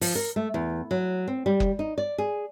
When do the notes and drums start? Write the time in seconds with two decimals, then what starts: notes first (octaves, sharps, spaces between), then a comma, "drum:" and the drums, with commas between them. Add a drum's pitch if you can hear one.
0.01 F3, drum: open hi-hat
0.15 A#4
0.36 A3
0.54 E2
0.91 F#3
1.28 C4
1.46 G3
1.60 drum: kick F#1
1.79 D#4
1.98 D5
2.18 G#4